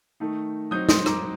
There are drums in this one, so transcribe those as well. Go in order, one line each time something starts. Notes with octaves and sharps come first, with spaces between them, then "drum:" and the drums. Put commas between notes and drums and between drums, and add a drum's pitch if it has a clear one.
D#3 A3 D#4
F#3 C4 D#4 D#6 G6
C6 D#6, drum: snare
A#5 D6, drum: rim click